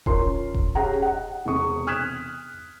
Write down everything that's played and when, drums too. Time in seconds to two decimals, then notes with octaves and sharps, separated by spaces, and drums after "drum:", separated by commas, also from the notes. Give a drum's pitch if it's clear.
0.06 C#4 F4 A#4 C6, drum: kick E1
0.54 drum: kick E1
0.75 C#4 G4 G#4 F5 F#5 A#5
1.02 D#5 F#5
1.45 E1 C3 G#4 A4 C#6 D#6
1.87 D#6 F6 F#6 G#6 B6 E7